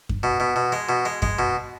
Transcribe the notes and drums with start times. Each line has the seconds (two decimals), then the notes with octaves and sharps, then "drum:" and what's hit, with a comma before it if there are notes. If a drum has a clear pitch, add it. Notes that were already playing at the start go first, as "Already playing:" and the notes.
0.09 drum: kick F#2
0.23 B2
0.40 B2
0.56 B2
0.72 G#3
0.89 B2
1.05 G#3
1.22 G#3, drum: kick F#2
1.39 B2